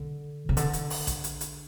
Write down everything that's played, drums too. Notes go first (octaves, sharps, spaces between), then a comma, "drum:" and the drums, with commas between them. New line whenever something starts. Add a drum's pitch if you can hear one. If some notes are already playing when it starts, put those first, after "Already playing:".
Already playing: D3
C#3
D3, drum: hi-hat
drum: hi-hat
drum: open hi-hat
drum: kick A1, hi-hat
drum: hi-hat
drum: hi-hat